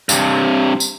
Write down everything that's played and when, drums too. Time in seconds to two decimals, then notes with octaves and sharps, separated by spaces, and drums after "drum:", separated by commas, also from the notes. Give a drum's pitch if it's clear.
0.09 G2 C3, drum: tambourine
0.80 drum: tambourine